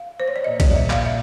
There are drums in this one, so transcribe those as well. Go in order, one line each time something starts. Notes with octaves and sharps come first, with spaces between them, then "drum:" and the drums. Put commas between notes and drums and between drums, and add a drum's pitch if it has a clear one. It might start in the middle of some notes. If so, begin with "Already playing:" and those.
Already playing: F5
C5
C#5
D5
A#2 D#5
D5, drum: kick B1, cymbal
E5
F5, drum: clap
E5